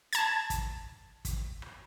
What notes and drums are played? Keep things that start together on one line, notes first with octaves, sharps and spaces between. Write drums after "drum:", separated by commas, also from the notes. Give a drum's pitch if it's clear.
A5 G#6, drum: hi-hat
drum: kick, hi-hat
drum: kick, hi-hat
drum: rim click